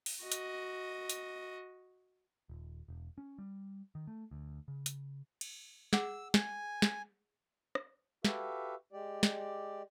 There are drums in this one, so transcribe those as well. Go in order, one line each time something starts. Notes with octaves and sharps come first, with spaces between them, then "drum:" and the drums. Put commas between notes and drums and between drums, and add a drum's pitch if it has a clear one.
drum: open hi-hat
F#4 D#5
drum: hi-hat
drum: hi-hat
D#1
E1
C#4
G3
D#3
A3
D2
C#3
drum: hi-hat
drum: cymbal
G#4 F#5 E6, drum: snare
G#5, drum: snare
drum: snare
drum: rim click
F#4 G4 A4 B4 E5 F5, drum: snare
G#3 G4 D5
drum: snare